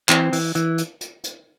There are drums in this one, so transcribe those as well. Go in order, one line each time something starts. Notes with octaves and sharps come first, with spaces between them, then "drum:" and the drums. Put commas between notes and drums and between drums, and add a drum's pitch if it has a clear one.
E3 C4, drum: clap
E3, drum: open hi-hat
E3, drum: hi-hat
drum: hi-hat
drum: hi-hat
drum: hi-hat